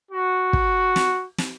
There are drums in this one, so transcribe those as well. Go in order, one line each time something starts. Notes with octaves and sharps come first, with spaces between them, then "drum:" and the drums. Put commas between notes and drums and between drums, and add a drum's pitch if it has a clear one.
F#4
drum: kick
drum: snare
drum: snare